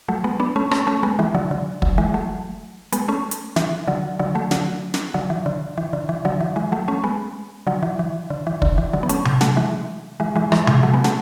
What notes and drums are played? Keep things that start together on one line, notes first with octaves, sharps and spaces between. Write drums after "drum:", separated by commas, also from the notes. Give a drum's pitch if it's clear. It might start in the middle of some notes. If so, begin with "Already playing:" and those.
F#3 A3
G#3 B3
B3 D4
A3 C#4
A3 C#4, drum: rim click
A3 C#4
G#3 B3
E3 G#3
D3 F#3
D3
D3 F#3, drum: kick
E3 G#3
F#3 A3
G#3 B3, drum: hi-hat
A3 C#4
drum: hi-hat
E3, drum: snare
D3 F#3
D3 F#3
F#3 A3
D3 F#3, drum: snare
drum: snare
D3 F#3
E3
D3
E3
D3
E3
D3 F#3
E3
E3 G#3
F#3 A3
A3 C#4
G#3 B3
D3 F#3
E3
E3
D3
E3
D3, drum: kick
E3
D3 F#3
B3
A3 C#4, drum: hi-hat
drum: tom C3
F#3 A3, drum: snare
E3 G#3
E3 G#3
E3 G#3
E3 G#3, drum: rim click
E3 G#3, drum: tom C3
F#3 A3
G#3 B3
F#3 A3, drum: snare